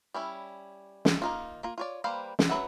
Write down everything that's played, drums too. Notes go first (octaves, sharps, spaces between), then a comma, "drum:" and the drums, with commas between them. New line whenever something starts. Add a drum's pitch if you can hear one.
G3 C#4 E4
drum: snare
A#3 D#4 F4
A#3 F4
F4 C#5 D5
G3 A#3 B4 C5 F5
drum: snare
F#3 E4 B4 E5 F#5